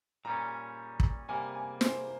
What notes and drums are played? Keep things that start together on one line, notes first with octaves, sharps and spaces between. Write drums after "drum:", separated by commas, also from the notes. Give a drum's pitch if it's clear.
A#2 G3 C#4 A#5
drum: kick
C3 G3 A#3 G#5
G#5
C5, drum: snare